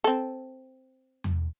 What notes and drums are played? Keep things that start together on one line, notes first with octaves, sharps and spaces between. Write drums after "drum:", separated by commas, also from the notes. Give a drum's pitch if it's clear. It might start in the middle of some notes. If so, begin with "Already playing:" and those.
C4 A4
drum: tom E2